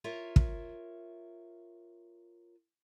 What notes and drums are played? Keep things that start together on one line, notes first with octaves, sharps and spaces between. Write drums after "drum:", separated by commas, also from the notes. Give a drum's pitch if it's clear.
F4 A#4 C#5 E5
drum: kick